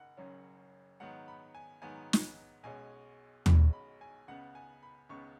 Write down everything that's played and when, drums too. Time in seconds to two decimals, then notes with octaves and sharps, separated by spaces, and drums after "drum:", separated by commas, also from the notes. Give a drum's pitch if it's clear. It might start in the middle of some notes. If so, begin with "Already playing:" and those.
Already playing: F#1 F#5
0.17 F#1 F#2 C#3 F#3 C#4
1.00 G#2 D#3 F#3 B3 F#5
1.28 B5
1.55 G#5
1.82 G#2 D#3 F#3 B3 G#5
2.13 drum: snare
2.63 B1 B2 G#3 C#4 G#5
3.46 B1 B2 G#3 C#4 B5, drum: tom D#2
3.73 B5
4.01 G#5
4.28 C#2 C#3 B3 F#5
4.55 G#5
4.83 B5
5.09 C#2 C#3 B3 C#6